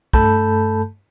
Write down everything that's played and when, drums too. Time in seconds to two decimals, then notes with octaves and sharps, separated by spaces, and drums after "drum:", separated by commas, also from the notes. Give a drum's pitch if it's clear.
0.13 G2 A3 A4 A5 B5 G6, drum: kick